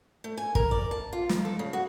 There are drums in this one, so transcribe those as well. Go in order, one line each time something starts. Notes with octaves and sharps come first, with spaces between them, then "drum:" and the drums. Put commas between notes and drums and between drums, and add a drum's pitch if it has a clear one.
A3
G#5
A#4, drum: kick
D5
A5
F4
D#3, drum: snare
A4
C#3
F#4